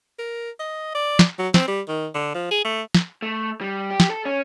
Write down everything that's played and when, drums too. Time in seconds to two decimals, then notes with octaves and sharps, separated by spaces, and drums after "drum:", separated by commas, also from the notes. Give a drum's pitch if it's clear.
0.19 A#4
0.60 D#5
0.95 D5
1.19 drum: snare
1.39 F#3
1.54 C4, drum: snare
1.68 G3
1.88 D#3
2.15 D3
2.35 F3
2.51 G#4
2.65 A3
2.95 drum: snare
3.22 A3
3.61 G3
3.91 G4
4.00 drum: snare
4.10 A4
4.25 C#4